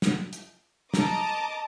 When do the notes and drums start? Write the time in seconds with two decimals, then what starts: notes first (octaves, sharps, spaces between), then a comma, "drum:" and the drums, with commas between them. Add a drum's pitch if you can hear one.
0.02 drum: snare
0.33 drum: hi-hat
0.94 D#5 A5 A#5 D6 D#6, drum: snare